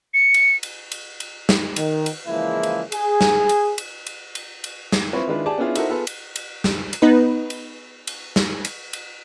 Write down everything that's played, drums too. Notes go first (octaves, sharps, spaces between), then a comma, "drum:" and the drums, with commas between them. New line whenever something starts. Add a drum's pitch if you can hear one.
C#7
drum: cymbal
drum: cymbal
drum: cymbal
drum: cymbal
drum: snare
D#3, drum: cymbal
drum: cymbal
C#3 E3 F3 G#3 A#3 E4
drum: cymbal
G#4, drum: cymbal
drum: snare
drum: cymbal
drum: cymbal
drum: cymbal
drum: cymbal
drum: cymbal
drum: snare
C4 E4 F4 B4 C#5
D#3 G#3 D4 E4 F4 B4
G4 G#4 D5 G#5 A5
B3 C#4 D4 E4 F4 G#4
D#4 E4 F#4 A4 A#4 C5, drum: cymbal
B3 F4 G#4 A4 B4
drum: cymbal
drum: cymbal
drum: snare
drum: cymbal
B3 D#4 B4
drum: cymbal
drum: cymbal
drum: snare
drum: cymbal
drum: cymbal